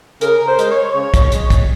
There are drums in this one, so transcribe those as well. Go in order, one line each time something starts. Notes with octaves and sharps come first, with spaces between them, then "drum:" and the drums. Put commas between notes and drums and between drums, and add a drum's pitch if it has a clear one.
C#3 A#4, drum: hi-hat
C5
G#3, drum: hi-hat
C#5
C#3
drum: kick, hi-hat
G#3, drum: hi-hat
drum: kick, hi-hat